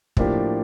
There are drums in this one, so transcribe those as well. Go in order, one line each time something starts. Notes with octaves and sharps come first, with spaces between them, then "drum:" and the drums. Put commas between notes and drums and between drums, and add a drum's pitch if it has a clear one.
A2 F3 A#3 D4 G4, drum: kick